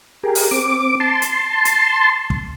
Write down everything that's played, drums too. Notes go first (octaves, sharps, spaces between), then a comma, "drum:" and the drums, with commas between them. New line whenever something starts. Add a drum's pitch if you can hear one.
G4 G#4 A#4
drum: open hi-hat
C4 D6
A5 C6
drum: hi-hat
drum: hi-hat
drum: kick